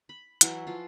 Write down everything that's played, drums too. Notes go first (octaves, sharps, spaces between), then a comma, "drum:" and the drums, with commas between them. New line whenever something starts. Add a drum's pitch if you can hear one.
B5
E3 F#3 E4, drum: hi-hat
E3 F3 F4